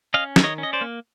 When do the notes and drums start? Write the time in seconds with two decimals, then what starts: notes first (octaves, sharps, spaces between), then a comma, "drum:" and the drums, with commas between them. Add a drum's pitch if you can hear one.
0.14 C#4 D#5 F5
0.36 D#3, drum: snare
0.44 C#5 D#5
0.58 C#4
0.63 D#5
0.73 C5 D5
0.81 A#3